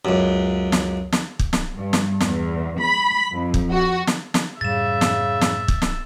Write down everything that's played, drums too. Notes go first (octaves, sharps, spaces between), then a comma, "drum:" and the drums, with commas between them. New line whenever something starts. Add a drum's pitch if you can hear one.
C#2 F#2
drum: snare
drum: snare
drum: kick
drum: snare
G2
drum: snare
E2, drum: snare
B5
F2
drum: kick
F#4
drum: snare
drum: snare
F#2 A2 C#3 G3 E5 A6 E7
drum: snare
drum: snare
drum: kick
drum: snare